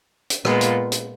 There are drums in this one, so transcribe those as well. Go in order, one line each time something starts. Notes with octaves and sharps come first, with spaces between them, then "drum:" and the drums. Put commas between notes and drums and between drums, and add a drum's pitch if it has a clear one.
drum: hi-hat
A#2 G#3 B3 F4, drum: rim click
drum: hi-hat
drum: hi-hat